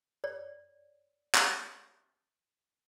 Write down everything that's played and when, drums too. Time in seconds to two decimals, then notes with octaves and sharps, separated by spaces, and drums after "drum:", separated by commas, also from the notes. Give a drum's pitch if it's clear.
0.24 C#5 D5
1.35 drum: clap